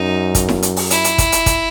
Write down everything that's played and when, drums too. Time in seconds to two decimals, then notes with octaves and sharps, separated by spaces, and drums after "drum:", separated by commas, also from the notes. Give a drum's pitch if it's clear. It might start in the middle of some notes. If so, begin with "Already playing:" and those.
Already playing: F#2 D#4
0.35 drum: kick, hi-hat
0.49 drum: snare E4
0.62 drum: hi-hat
0.76 drum: open hi-hat
0.90 E4, drum: hi-hat
1.04 drum: hi-hat
1.18 drum: kick, hi-hat
1.32 drum: hi-hat
1.46 drum: kick, hi-hat